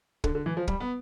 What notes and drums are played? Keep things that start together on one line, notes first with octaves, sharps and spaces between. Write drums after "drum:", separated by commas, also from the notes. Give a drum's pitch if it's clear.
D3, drum: kick
D3
E3
F3
G3, drum: kick
B3